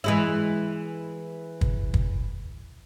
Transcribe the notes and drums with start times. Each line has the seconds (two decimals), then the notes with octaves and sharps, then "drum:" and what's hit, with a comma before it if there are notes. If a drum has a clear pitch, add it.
0.04 E3 G#3 E4
1.61 drum: kick
1.94 drum: kick